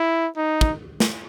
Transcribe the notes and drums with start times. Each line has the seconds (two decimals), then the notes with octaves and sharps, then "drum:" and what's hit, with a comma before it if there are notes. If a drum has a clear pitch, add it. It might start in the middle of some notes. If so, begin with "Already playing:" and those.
Already playing: E4
0.37 D#4
0.61 drum: kick
1.00 drum: snare